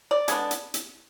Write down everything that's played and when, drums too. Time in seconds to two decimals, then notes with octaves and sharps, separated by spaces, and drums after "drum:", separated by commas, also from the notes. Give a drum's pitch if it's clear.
0.11 D5
0.28 D3 G#3 B3 D4, drum: hi-hat
0.51 drum: hi-hat
0.74 drum: hi-hat